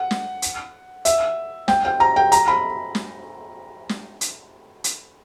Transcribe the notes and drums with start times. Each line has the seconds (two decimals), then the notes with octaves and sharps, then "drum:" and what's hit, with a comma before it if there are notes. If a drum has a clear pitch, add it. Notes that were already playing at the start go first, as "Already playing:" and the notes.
Already playing: F#5
0.11 drum: snare
0.42 drum: hi-hat
1.05 E5, drum: hi-hat
1.68 G5, drum: snare
1.85 G5
2.00 A#5
2.16 G5
2.32 A#5, drum: hi-hat
2.48 B5
2.95 drum: snare
3.89 drum: snare
4.21 drum: hi-hat
4.84 drum: hi-hat